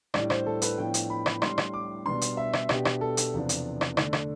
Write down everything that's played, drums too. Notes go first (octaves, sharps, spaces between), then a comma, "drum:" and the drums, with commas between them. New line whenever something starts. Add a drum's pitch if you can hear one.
A2 G3 D4 D5, drum: rim click
C5, drum: rim click
A4
B4, drum: hi-hat
A2 F3 B3 D4 G5
drum: hi-hat
B5
drum: rim click
A2 G3 D4 C6, drum: rim click
drum: rim click
D6
B2 G3 B3 D4 C6
drum: hi-hat
E5
drum: rim click
B2 B3 D4 G4, drum: rim click
drum: rim click
A4
drum: hi-hat
E2 C3 F3 B3 D4
drum: hi-hat
drum: rim click
D3 A3 D4, drum: rim click
drum: rim click